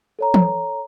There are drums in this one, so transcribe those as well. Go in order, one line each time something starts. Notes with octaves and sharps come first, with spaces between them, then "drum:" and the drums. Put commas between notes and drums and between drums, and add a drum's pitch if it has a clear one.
A4 C#5 A#5
drum: tom E3